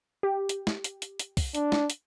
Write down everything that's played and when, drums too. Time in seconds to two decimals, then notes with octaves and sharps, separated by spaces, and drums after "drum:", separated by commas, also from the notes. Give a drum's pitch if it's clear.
0.23 G4
0.49 drum: hi-hat
0.67 drum: snare
0.84 drum: hi-hat
1.02 drum: hi-hat
1.19 drum: hi-hat
1.37 drum: kick, open hi-hat
1.55 D4, drum: hi-hat
1.72 drum: snare
1.90 drum: hi-hat